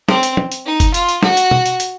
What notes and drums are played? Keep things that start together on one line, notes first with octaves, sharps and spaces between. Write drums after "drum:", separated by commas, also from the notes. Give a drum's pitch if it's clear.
C4, drum: snare
drum: hi-hat
drum: tom
drum: hi-hat
D#4
drum: kick F#1, hi-hat
F4, drum: hi-hat
drum: hi-hat
F#4, drum: snare
drum: hi-hat
drum: tom
drum: hi-hat
drum: hi-hat